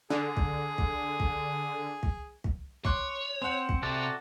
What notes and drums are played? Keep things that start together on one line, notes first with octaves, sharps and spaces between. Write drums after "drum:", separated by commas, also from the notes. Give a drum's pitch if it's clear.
D3 G#4
drum: kick
drum: kick
drum: kick
drum: kick
drum: kick
C#5 C6 D6 F#6, drum: kick
C4 C5 F#5
drum: kick
C3 F#4 A4 D5